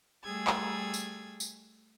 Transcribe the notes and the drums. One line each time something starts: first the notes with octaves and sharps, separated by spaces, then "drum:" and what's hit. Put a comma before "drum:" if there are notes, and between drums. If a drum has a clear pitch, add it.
G3 A3 G#4 E6 G#6 A6
drum: clap
drum: tambourine
drum: tambourine